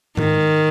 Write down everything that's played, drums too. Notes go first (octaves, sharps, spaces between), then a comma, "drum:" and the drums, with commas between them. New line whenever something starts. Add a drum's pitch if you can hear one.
D#3, drum: tom G#2